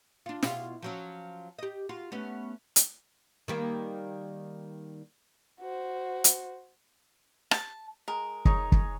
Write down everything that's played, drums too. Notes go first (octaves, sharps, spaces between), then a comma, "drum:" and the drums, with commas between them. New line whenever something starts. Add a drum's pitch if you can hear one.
D4 F4
B2 E4 F4, drum: snare
F3 F#3 C#4
G4 D#5
F4 F#4
A3 B3 C#4
drum: hi-hat
D#3 G3 A#3
F#4 C5
drum: hi-hat
A5, drum: rim click
G#3 A#4
D#4 G#4 C#5, drum: kick
drum: kick